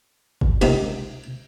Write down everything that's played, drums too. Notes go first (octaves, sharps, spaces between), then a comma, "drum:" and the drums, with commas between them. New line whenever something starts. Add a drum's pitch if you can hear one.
drum: kick F#1
C#2 C3 A#3 D#4 E5, drum: cymbal